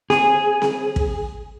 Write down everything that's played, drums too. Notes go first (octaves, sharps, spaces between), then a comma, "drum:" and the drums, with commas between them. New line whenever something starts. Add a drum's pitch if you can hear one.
G#4, drum: snare C4
drum: snare C4
drum: kick